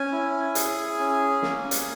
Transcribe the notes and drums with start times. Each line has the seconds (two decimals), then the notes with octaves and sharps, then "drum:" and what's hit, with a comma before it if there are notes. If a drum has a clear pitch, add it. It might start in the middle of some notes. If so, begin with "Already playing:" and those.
Already playing: C#4 G#5
0.12 E4
0.55 G#4, drum: hi-hat
0.99 C#4
1.42 A#3, drum: snare
1.71 drum: hi-hat